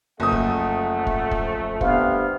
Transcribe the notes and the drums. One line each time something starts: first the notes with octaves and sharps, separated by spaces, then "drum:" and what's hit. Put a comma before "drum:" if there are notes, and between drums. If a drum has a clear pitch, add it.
F#1 F3 A3 F#5 D#6
drum: kick
drum: kick
drum: kick
G2 C3 B3 F5, drum: kick